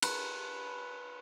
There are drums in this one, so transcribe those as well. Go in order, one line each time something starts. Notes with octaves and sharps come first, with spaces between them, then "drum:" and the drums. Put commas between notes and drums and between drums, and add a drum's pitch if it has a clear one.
B4, drum: cymbal